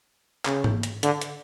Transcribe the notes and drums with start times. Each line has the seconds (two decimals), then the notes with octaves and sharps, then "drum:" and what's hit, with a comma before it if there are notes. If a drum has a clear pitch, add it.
0.45 C#3, drum: clap
0.64 drum: tom G#2
0.83 drum: hi-hat
1.03 D3, drum: hi-hat
1.22 drum: hi-hat